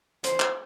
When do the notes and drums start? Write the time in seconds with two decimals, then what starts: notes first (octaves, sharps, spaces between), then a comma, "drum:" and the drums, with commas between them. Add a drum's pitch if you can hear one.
0.24 C5, drum: hi-hat
0.40 drum: clap